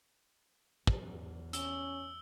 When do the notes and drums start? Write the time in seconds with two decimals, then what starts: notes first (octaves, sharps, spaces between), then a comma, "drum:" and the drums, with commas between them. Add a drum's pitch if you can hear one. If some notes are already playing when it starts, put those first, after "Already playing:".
0.87 E2, drum: kick
1.53 C#4 E6 G7, drum: hi-hat